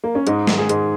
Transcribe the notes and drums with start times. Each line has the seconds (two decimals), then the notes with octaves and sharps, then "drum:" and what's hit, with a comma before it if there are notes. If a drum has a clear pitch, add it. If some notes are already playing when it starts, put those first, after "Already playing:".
0.04 A#3
0.15 C#4
0.27 G#2 D#4, drum: hi-hat
0.47 D#3, drum: snare
0.58 G#4
0.69 G#2, drum: hi-hat